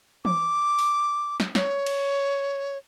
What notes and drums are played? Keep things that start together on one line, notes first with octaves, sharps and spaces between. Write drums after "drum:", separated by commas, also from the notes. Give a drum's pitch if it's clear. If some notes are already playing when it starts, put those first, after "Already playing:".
D6, drum: tom E3
drum: open hi-hat
drum: snare
C#5, drum: snare
drum: cymbal